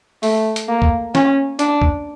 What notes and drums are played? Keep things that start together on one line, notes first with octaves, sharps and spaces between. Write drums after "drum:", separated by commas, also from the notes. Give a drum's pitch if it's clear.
A3, drum: open hi-hat
drum: hi-hat
A#3
drum: kick
C#4, drum: snare
D4, drum: hi-hat
drum: kick